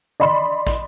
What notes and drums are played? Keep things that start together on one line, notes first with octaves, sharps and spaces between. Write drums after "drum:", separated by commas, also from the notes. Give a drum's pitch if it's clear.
D5 D#5 B5 C6
drum: kick